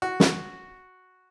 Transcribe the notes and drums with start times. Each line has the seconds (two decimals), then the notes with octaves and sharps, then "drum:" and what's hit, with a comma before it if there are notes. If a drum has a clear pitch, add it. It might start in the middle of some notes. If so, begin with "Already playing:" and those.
0.02 F#4
0.20 drum: snare